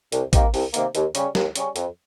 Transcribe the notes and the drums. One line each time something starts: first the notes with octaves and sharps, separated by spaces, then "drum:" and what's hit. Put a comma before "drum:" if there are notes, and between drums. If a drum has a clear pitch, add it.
C2, drum: hi-hat
C3 D#3 A#3, drum: kick, hi-hat
C2, drum: open hi-hat
C3 D#3 A#3, drum: hi-hat
D#2, drum: hi-hat
C#3 G3 C#4, drum: hi-hat
D#2, drum: snare
C#3 G3 C#4, drum: hi-hat
F2, drum: hi-hat